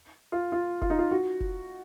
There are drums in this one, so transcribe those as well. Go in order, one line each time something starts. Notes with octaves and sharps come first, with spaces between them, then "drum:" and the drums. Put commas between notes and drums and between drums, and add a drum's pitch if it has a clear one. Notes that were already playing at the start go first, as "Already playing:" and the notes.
F4
F4
F4, drum: kick F1
D#4
F4
F#4
drum: kick F1